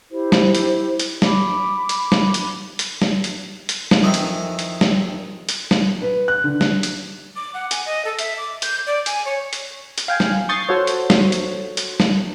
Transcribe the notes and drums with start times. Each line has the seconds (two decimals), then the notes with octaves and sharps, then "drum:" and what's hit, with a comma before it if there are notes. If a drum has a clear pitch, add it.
0.11 E4 G4 C5
0.32 drum: snare
0.55 drum: hi-hat
0.99 drum: hi-hat
1.22 B5 D6, drum: snare
1.89 drum: hi-hat
2.12 drum: snare
2.34 drum: hi-hat
2.79 drum: hi-hat
3.02 drum: snare
3.24 drum: hi-hat
3.69 drum: hi-hat
3.91 drum: snare
4.03 F2 D#3 E3
4.14 drum: hi-hat
4.59 drum: hi-hat
4.81 drum: snare
5.49 drum: hi-hat
5.71 drum: snare
6.02 B4
6.28 F#6
6.44 D3
6.61 drum: snare
6.83 drum: hi-hat
7.36 D6
7.54 F#5
7.71 G#5, drum: hi-hat
7.86 D#5
8.05 A4
8.19 E5, drum: hi-hat
8.37 D6
8.62 G6, drum: hi-hat
8.87 D5
9.06 G#5, drum: hi-hat
9.25 C#5
9.53 drum: hi-hat
9.98 drum: hi-hat
10.08 F5 G5 G#5
10.20 drum: snare
10.49 C#6 D#6 G6 A6 C7
10.69 F#4 A4 C5 C#5
10.87 drum: hi-hat
11.10 drum: snare
11.32 drum: hi-hat
11.77 drum: hi-hat
12.00 drum: snare